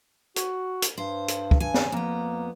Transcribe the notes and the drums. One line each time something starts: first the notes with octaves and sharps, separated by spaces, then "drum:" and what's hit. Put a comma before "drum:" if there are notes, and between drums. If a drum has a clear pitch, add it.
F#4, drum: hi-hat
drum: hi-hat
G2 C5
drum: hi-hat
drum: kick
G2 G#5
drum: snare
F2 A#3 B3